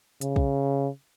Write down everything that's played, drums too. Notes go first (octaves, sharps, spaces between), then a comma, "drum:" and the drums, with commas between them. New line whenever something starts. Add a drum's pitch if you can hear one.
C#3, drum: hi-hat
drum: kick